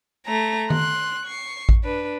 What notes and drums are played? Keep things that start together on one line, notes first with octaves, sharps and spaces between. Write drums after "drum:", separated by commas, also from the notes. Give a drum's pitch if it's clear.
A3 A#5
C6 F#6, drum: tom D#3
C#6 C7
drum: kick A1
D4 B4